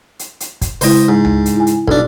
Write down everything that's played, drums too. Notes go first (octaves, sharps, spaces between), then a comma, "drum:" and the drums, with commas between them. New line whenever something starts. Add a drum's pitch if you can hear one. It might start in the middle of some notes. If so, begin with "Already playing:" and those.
drum: hi-hat
drum: hi-hat
drum: kick, hi-hat
C#3 G#3 E4 C5 D#5, drum: open hi-hat
G#2
drum: tom C#2
drum: hi-hat
E4 G#5
drum: hi-hat
B1 D4 A4, drum: kick